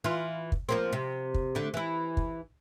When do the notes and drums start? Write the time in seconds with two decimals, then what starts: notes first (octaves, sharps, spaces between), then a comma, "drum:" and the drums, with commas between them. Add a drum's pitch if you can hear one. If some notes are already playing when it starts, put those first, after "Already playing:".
0.04 E3 F4
0.52 drum: kick
0.69 F3 A#3 C4
0.93 C3
1.34 drum: kick
1.55 D3 A3
1.74 E3 E4
2.17 drum: kick